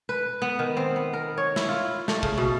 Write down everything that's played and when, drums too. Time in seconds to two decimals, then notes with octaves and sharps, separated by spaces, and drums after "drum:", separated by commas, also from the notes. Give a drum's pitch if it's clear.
0.09 B4
0.42 B3
0.59 D#3
0.77 C4
0.96 B3
1.13 A#4
1.38 C#5
1.56 E4, drum: snare
1.69 F4
2.08 A3, drum: snare
2.23 C#3, drum: kick
2.38 B2